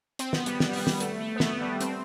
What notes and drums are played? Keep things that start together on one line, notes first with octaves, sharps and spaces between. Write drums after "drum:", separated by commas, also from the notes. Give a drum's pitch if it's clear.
C4, drum: hi-hat
B3, drum: snare
G3, drum: hi-hat
G3, drum: snare
drum: open hi-hat
drum: snare
A3, drum: hi-hat
A3
B3
A3, drum: snare
G3
C4, drum: hi-hat